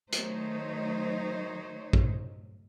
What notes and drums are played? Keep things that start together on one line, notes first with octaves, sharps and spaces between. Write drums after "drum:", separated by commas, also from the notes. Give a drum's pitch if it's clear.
D#3 F#3 A3 D#4 C5 C#5, drum: hi-hat
drum: kick A#1